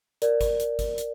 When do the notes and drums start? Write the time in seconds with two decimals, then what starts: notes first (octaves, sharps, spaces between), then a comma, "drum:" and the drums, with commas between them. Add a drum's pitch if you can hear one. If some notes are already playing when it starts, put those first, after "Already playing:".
0.22 A#4 D5, drum: hi-hat
0.41 drum: kick G#1, hi-hat
0.60 drum: hi-hat
0.79 drum: kick G#1, hi-hat
0.98 drum: hi-hat